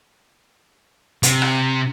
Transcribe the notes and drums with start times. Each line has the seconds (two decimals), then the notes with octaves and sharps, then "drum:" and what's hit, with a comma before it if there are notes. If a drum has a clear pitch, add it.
1.23 C3, drum: hi-hat
1.42 drum: rim click